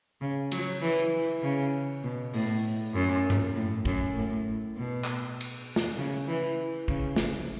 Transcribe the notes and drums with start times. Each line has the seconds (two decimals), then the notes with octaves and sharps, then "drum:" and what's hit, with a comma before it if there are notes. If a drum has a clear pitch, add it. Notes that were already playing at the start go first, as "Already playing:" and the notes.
0.21 C#3
0.52 F#3, drum: cymbal
0.82 E3
1.43 C#3
2.04 B2
2.34 A2, drum: open hi-hat
2.94 F#2
3.30 drum: tom G2
3.55 A2
3.85 F#2, drum: kick
4.16 A2
4.77 B2
5.04 drum: clap
5.41 drum: cymbal
5.76 drum: snare
5.98 C#3
6.28 E3
6.88 C#3, drum: kick
7.16 drum: snare